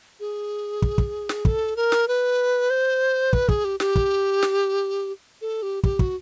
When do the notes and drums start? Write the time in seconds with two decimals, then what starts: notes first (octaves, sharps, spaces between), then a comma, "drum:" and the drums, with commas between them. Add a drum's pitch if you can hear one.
0.20 G#4
0.82 drum: kick
0.98 drum: kick
1.29 drum: snare
1.45 A4, drum: kick
1.76 A#4
1.92 drum: snare
2.08 B4
2.70 C5
3.33 B4, drum: kick
3.49 G#4, drum: kick
3.65 G4
3.80 G4, drum: snare
3.96 drum: kick
4.43 drum: snare
5.41 A4
5.63 G4
5.84 G4, drum: kick
5.99 F#4, drum: kick